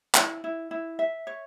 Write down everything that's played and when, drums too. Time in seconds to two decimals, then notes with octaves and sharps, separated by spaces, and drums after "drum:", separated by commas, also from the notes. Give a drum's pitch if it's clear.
0.15 E4, drum: clap
0.44 E4
0.71 E4
0.99 E5
1.27 C#5